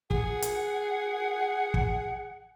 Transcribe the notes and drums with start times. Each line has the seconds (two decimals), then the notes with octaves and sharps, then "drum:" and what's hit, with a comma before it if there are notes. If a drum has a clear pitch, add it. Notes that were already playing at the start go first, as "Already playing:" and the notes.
0.11 G#4 F#5, drum: kick
0.42 drum: hi-hat
1.74 drum: kick